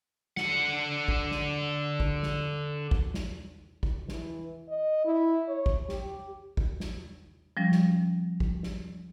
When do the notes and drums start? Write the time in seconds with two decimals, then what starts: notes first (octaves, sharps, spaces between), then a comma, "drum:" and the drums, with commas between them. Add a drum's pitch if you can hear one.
0.37 D3 F#5, drum: snare
1.08 drum: kick
1.31 drum: snare
2.00 drum: kick
2.23 drum: snare
2.91 drum: kick
3.14 drum: snare
3.83 drum: kick
4.08 E3, drum: snare
4.69 D#5
5.05 E4
5.48 C#5
5.66 drum: kick
5.89 G4, drum: snare
6.57 drum: kick
6.80 drum: snare
7.57 F3 G3 C#4
7.72 drum: snare
8.40 drum: kick
8.63 drum: snare